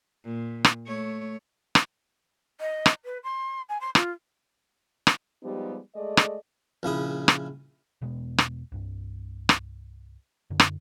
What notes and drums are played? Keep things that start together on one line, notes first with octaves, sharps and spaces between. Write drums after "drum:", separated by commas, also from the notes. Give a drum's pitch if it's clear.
A#2
drum: rim click
A3 C#5
drum: rim click
D#5
drum: rim click
B4
C6
G#5
C6
F4, drum: rim click
drum: rim click
F3 G3 G#3 B3 D#4 G4
G#3 A3 G#4 D5 D#5
drum: rim click
A#1 C#3 E4 D#6
drum: rim click
E1 B2 G#3 B3
drum: rim click
C2 G2
drum: rim click
F#2 D3
drum: rim click